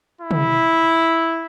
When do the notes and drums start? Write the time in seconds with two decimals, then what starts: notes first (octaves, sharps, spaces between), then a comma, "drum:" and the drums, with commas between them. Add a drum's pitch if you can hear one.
0.21 E4
0.31 drum: tom